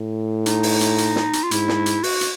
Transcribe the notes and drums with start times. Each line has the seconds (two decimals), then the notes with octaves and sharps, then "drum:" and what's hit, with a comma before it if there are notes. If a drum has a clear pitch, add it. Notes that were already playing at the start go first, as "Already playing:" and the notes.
Already playing: A2
0.46 D#4, drum: hi-hat
0.63 drum: open hi-hat
0.81 drum: hi-hat
0.98 drum: hi-hat
1.16 drum: snare
1.33 drum: hi-hat
1.43 F4
1.51 G#2 E4, drum: hi-hat
1.68 drum: snare
1.86 drum: hi-hat
2.03 F#4, drum: open hi-hat
2.21 drum: hi-hat